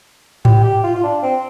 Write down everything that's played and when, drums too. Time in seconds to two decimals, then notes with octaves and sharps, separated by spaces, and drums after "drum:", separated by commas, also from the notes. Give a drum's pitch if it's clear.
0.45 G4, drum: tom G#2
0.63 G4
0.84 F4
0.95 F4
1.04 D4
1.23 C4